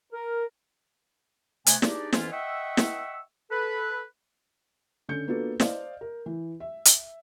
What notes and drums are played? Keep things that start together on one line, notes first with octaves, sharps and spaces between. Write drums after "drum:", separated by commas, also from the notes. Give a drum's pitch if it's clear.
A#4
C3 A3 B3 G#5, drum: hi-hat
D4 D#4 G4 G#4 D5, drum: snare
F2 E3 B3 C#4 E4 F4, drum: snare
D#5 E5 F#5 G5 C#6 E6
drum: snare
A4 B4
D3 C#4 A4 G6 C#7
A#3 B3 D4 F4 F#4 A4
C5 D5 D#5 F5, drum: snare
A#4
E3
E5
drum: hi-hat